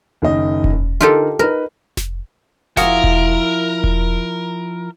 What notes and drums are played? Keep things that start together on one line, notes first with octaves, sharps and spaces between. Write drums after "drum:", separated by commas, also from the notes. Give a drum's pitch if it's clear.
F#1 D#3 D#5
drum: kick E1
D3 D#4 F4 G4 A4 A#4
D#4 A#4 B4
drum: snare F1
F3 E4 F#4 G#4 A#4 F5, drum: snare F1
drum: kick E1
drum: kick E1